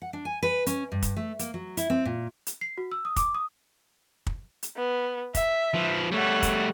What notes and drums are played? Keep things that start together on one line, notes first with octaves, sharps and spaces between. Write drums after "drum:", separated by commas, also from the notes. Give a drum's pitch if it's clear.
F#5
D4
G#5
B4
C#4, drum: hi-hat
G2
drum: kick, hi-hat
A3
A#3, drum: hi-hat
F#3
E4, drum: hi-hat
C4
A#2
drum: hi-hat
C7
F#4
E6
D#6
D6, drum: kick, hi-hat
D#6
drum: kick
drum: hi-hat
B3
E5, drum: kick, hi-hat
F3 B4
G3 A3 C#5 F#5
drum: kick, hi-hat